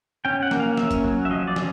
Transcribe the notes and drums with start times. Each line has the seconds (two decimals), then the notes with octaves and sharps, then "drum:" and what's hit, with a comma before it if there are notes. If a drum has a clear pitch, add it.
0.25 C#4 G5
0.43 F#5
0.51 A#3, drum: snare
0.60 F5
0.77 C#4 E5, drum: snare
0.91 drum: kick F#1, hi-hat
1.04 F#3
1.25 E5
1.30 F3 D#5
1.47 D5
1.56 C#4, drum: snare